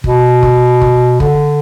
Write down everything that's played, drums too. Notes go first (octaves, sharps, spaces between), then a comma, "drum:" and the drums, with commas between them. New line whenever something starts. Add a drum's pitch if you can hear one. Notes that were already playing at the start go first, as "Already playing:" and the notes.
B2, drum: kick
drum: kick
drum: kick
D3, drum: kick